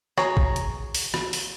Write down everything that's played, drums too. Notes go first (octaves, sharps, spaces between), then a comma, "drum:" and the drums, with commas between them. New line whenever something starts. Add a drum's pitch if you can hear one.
G#4 C#5 A#5, drum: rim click
drum: kick A1
drum: hi-hat
drum: open hi-hat
drum: rim click
drum: open hi-hat